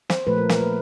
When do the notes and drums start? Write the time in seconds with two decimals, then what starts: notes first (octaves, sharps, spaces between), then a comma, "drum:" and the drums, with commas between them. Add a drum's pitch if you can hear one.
0.10 C5, drum: snare
0.27 A#2 F3 A3 B4
0.38 A#4
0.49 A#4, drum: snare
0.61 B4